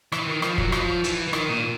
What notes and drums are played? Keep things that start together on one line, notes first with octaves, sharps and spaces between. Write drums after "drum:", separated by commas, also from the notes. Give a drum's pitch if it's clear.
E3, drum: rim click
D#3
F3, drum: rim click
F#3, drum: kick
F3, drum: rim click
E3, drum: hi-hat
E3
D#3, drum: rim click
A#2